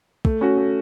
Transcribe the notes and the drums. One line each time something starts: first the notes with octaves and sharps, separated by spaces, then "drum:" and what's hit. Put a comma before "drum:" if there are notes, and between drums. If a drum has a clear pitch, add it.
A3, drum: kick
C#4 F#4
A3